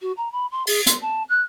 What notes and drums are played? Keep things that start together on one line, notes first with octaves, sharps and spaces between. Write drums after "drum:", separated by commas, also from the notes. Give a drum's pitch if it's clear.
F#4
A#5
B5
C6
G#4, drum: open hi-hat
C6, drum: hi-hat
A5
F#6